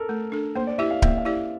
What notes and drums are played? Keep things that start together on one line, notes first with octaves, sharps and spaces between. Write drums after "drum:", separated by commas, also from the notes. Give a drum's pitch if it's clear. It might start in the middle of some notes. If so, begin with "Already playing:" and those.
Already playing: A4 A#4
A3
D4 A4
A#3 C5
D5
E4 G4 D5 E5
F5
A#3 E5, drum: kick D1
F5
E4 G4 D5